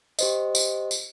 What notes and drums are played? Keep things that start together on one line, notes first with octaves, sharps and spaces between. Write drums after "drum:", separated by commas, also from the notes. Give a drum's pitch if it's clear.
G4 C5 D#5, drum: tambourine
drum: tambourine
drum: tambourine